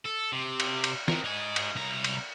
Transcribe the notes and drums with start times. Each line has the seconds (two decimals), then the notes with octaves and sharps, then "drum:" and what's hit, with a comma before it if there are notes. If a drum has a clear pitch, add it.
0.06 A4
0.33 C3
0.60 drum: cymbal
0.84 drum: cymbal
1.08 C4 A#4, drum: snare
1.24 D#4 G#5
1.56 drum: cymbal
1.76 C2 A#5
2.04 drum: cymbal